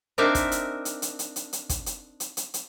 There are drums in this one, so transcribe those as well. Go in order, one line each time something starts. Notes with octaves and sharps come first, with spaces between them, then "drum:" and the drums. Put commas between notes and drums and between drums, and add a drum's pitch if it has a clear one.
C4 D4 D#4 A#4 E5 F5
drum: kick, hi-hat
drum: hi-hat
drum: hi-hat
drum: hi-hat
drum: hi-hat
drum: hi-hat
drum: hi-hat
drum: kick, hi-hat
drum: hi-hat
drum: hi-hat
drum: hi-hat
drum: hi-hat